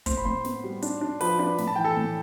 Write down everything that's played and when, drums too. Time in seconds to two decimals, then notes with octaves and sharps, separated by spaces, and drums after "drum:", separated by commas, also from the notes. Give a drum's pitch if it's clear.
0.06 A2 C5 C6, drum: kick, hi-hat
0.17 B5
0.25 A2 C5 C6
0.45 B3, drum: snare
0.64 G3
0.82 D4, drum: hi-hat
1.01 D4
1.21 F3 B4 B5, drum: open hi-hat
1.39 D4 B4 B5
1.58 A2 B5, drum: snare
1.67 A5
1.76 E3 G5
1.84 A4 A5
1.97 A2